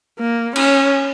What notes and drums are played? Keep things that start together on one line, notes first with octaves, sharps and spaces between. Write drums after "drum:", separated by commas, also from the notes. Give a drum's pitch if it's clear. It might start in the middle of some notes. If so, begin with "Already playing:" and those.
A#3
C#4, drum: cymbal